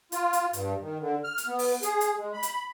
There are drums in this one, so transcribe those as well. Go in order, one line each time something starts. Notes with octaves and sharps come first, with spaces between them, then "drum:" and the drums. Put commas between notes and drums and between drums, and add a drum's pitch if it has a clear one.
F4, drum: hi-hat
drum: hi-hat
G2, drum: hi-hat
D#3
D3
F6
drum: hi-hat
B3
drum: open hi-hat
G#4, drum: hi-hat
drum: hi-hat
G#3
B5
drum: hi-hat